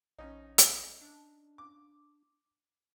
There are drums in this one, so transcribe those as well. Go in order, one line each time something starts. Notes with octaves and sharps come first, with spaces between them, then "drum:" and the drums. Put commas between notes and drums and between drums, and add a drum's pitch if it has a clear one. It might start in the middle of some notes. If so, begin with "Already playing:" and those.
A#1 C#4 D#4
drum: hi-hat
D4
D6